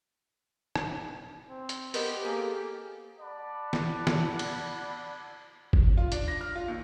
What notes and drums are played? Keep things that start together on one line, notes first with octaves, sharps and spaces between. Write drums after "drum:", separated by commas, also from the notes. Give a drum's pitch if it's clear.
drum: rim click
C4
drum: hi-hat
B3 G4 A4 A#4 C5 D#5, drum: open hi-hat
A#3 G#4
D5 F#5 A5 B5
drum: snare
drum: snare
drum: cymbal
drum: kick G1
F4
D4, drum: hi-hat
A#6
F6
F4
D#2